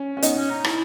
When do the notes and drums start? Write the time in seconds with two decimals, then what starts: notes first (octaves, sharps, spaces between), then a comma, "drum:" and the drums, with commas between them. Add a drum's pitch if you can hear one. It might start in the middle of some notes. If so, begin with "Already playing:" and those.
Already playing: C#4
0.17 C#4
0.22 B3 D#4, drum: hi-hat
0.37 C#4
0.50 D#4
0.64 E4, drum: rim click